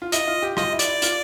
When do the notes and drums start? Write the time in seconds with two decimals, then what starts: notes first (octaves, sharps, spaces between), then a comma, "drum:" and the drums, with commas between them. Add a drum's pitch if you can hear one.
0.02 F4
0.12 E4 D#5, drum: hi-hat
0.28 F4
0.42 G4
0.57 F4 D#5, drum: rim click
0.73 E4
0.79 D5, drum: hi-hat
0.87 E4
1.02 F4, drum: hi-hat